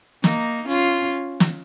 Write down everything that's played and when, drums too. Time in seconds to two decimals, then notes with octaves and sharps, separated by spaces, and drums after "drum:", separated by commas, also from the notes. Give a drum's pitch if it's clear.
0.24 A#3 D#4, drum: snare
0.67 C#4 F4
1.40 drum: snare